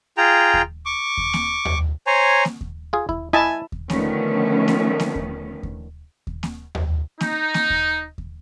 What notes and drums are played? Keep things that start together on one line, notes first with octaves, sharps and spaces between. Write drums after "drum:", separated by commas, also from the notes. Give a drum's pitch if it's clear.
F4 G#4 G5 A#5
drum: kick D#2
C#6 D6
drum: kick D#2
drum: snare A#3
drum: tom D#2
C5 C#5 G#5 A#5
drum: snare A#3
drum: kick D#2
F4 G#4
E4, drum: kick D#2
E4 D#5 E5 G#5 A5
drum: kick D#2
D3 D#3 F3 A3 B3 C#4, drum: snare A#3
drum: snare A#3
drum: snare A#3
drum: kick D#2
drum: kick D#2
drum: kick D#2
drum: snare A#3
drum: tom D#2
D#4, drum: snare A#3
drum: snare A#3
drum: kick D#2
drum: kick D#2